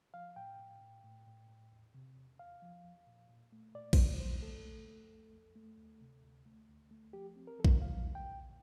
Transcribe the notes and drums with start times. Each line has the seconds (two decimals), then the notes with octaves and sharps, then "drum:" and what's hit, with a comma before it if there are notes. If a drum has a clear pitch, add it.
0.14 F3 F5
0.36 A2 G5
0.59 A2
0.81 A2
1.04 A2
1.27 A2
1.49 A2
1.72 E2
1.94 C3
2.17 E2
2.39 E2 F5
2.62 F3
2.85 E2
3.07 A#2
3.30 A#2
3.52 A3
3.75 A#2 D5
3.93 C5, drum: kick A#1, cymbal
3.97 A#2 D5
4.20 A3 C5
4.42 A3 A4
4.65 A3
4.88 A3
5.10 F2
5.33 F2
5.55 A3
5.78 D2
6.01 C3
6.24 D2
6.46 A3
6.69 D2
6.91 A3
7.13 F3 G4
7.36 C4
7.47 A#4
7.59 F3 A4
7.65 A#4, drum: kick A#1
7.81 A#2 F5
8.04 A#2
8.15 G5
8.27 A#2